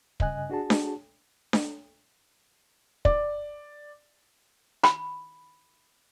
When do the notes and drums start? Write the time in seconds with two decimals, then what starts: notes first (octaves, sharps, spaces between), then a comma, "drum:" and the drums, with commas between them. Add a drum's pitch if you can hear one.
0.20 G2 C#3 D#5 G#5 F#6, drum: kick
0.50 D4 F#4 G#4 A5
0.70 drum: snare D4
1.53 drum: snare D4
3.05 D5, drum: kick
4.84 B5, drum: rim click